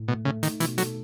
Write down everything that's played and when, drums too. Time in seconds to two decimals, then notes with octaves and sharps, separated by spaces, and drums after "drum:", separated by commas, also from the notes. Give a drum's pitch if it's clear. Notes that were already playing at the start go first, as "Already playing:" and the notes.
Already playing: A2
0.08 B2 A3
0.25 C#3 A3
0.43 D#3 D#4, drum: hi-hat
0.60 B2 E3, drum: hi-hat
0.78 F#3 A4, drum: hi-hat